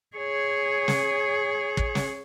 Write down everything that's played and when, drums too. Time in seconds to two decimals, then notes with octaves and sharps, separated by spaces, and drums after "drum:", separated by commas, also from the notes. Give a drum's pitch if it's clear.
0.16 G#4 C#5
0.88 drum: snare
1.77 drum: kick
1.95 drum: snare